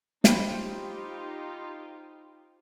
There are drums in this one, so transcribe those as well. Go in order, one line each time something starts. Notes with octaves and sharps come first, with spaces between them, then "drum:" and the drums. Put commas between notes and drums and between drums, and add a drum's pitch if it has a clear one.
D#4 F4 G4 C5 G5 B5, drum: snare